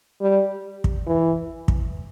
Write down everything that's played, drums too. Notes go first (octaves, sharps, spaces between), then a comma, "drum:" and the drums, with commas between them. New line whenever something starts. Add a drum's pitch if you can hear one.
G3
drum: kick
E3
drum: kick